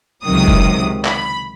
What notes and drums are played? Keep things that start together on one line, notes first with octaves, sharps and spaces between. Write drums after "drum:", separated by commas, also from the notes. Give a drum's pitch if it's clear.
C#2 C3 D#3 F#3 D#6
drum: kick F1
B5, drum: clap